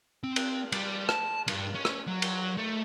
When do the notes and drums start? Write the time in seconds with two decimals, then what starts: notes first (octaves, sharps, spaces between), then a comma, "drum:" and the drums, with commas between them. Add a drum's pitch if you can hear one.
0.23 C4
0.36 drum: cymbal
0.72 G3, drum: cymbal
1.09 A5, drum: rim click
1.48 G2, drum: cymbal
1.75 C#4
1.85 drum: rim click
2.07 F#3
2.22 drum: cymbal
2.57 A3